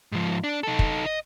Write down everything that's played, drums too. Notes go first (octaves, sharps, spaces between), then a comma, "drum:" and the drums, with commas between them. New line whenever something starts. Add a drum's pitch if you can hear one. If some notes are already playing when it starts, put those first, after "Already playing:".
G#2 F3
D4
D#4 A4
drum: kick
D#5